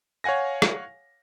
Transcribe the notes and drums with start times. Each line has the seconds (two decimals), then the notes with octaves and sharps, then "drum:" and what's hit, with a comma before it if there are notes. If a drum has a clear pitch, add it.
0.24 C#5 F5 F#5 G#5 A#6
0.62 drum: rim click